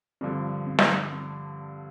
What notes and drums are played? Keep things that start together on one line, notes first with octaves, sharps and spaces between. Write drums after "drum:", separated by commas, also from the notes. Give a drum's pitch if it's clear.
G2 D3 F3 C4
C4
drum: snare
C4